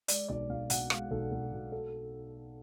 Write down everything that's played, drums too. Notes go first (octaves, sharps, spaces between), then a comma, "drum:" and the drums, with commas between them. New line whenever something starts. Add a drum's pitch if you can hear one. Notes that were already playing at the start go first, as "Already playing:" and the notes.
G#3 D5, drum: hi-hat
B1 D5
B1 F5
B2 F#5, drum: hi-hat
G#3 F5, drum: rim click
B1 A4
B1 A4
B2
A4